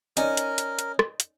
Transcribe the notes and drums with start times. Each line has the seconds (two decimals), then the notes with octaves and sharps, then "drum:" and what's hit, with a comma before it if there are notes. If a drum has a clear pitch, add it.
0.17 C#4 D#4 A#4 D5 D#5, drum: hi-hat
0.37 drum: hi-hat
0.58 drum: hi-hat
0.79 drum: hi-hat
0.99 drum: rim click
1.20 drum: hi-hat